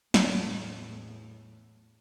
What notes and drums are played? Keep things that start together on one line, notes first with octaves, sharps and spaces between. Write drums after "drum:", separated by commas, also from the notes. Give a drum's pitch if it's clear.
E2 A2, drum: snare